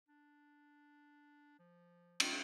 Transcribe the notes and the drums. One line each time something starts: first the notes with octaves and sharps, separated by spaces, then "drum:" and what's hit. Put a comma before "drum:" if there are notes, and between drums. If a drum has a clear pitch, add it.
D4
F3
drum: cymbal